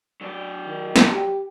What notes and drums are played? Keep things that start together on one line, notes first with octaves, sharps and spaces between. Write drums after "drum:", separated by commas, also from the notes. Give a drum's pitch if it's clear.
F#3 D4 D5
D#3
drum: snare
G4